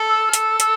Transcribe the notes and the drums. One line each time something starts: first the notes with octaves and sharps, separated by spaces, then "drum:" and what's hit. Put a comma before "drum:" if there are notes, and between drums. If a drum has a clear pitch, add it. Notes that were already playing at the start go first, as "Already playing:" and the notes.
Already playing: A4
E6
F6
A4 E6, drum: hi-hat
E6, drum: hi-hat